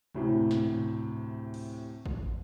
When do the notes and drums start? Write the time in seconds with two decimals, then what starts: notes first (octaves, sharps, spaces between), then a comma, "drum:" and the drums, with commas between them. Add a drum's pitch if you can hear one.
0.15 D2 A2 C3, drum: tom
0.51 drum: snare
0.66 drum: tom
1.54 drum: cymbal
2.06 drum: kick